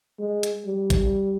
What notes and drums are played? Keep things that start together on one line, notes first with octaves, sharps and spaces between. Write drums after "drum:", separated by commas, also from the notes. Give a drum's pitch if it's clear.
G#3
drum: hi-hat
G3
drum: kick A1, hi-hat